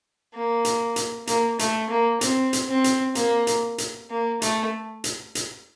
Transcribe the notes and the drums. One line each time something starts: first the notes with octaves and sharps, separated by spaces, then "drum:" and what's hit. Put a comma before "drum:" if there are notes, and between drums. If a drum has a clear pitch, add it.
A#3
drum: hi-hat
drum: hi-hat
A#3, drum: hi-hat
A3, drum: hi-hat
A#3
C4, drum: hi-hat
drum: hi-hat
C4
drum: hi-hat
A#3, drum: hi-hat
drum: hi-hat
drum: hi-hat
A#3
A3, drum: hi-hat
drum: hi-hat
drum: hi-hat